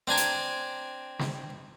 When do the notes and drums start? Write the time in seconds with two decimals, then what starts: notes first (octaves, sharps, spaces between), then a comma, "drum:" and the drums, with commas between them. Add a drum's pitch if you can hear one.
0.07 C4 D4 G#5 A#5
0.17 drum: hi-hat
1.19 drum: snare